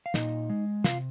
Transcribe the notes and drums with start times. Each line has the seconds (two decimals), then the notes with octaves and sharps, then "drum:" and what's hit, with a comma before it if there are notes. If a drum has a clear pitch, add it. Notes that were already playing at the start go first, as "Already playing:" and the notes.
0.06 F5
0.14 A#2 D#4 D#5, drum: snare
0.50 G#3
0.84 C3 F4 F5, drum: snare